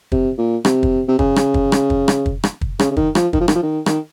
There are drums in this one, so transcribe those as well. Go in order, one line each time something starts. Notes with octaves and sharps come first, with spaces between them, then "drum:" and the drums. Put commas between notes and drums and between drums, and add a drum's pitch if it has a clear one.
C3, drum: kick
A#2
C3, drum: rim click
drum: kick
C3
C#3, drum: kick
drum: rim click
drum: kick
drum: rim click
drum: kick
drum: rim click
drum: kick
drum: rim click
drum: kick
C#3, drum: rim click
C#3
D#3, drum: kick
F3, drum: rim click
D#3, drum: kick
F3
D#3, drum: rim click
F3
D#3
D#3, drum: rim click